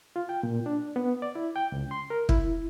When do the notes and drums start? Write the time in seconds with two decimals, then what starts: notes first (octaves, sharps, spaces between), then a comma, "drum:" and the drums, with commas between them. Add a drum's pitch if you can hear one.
0.16 F4
0.29 G5
0.43 A#2
0.66 D4
0.96 B3
1.22 D5
1.35 E4
1.56 G5
1.72 C#2
1.91 C6
2.10 A#4
2.29 E4, drum: kick